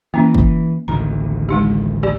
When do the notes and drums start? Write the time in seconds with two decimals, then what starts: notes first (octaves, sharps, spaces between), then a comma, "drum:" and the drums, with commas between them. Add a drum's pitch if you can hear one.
0.14 E3 A#3 C#4
0.35 drum: kick
0.88 A1 D2 D#3 A#5
1.49 G#3 D#4 G4
2.03 G4 D5